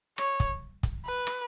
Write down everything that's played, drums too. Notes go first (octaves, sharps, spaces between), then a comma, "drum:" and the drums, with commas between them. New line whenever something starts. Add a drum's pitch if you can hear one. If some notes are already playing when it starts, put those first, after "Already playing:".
C#5, drum: rim click
drum: kick, hi-hat
drum: kick, hi-hat
B4
drum: rim click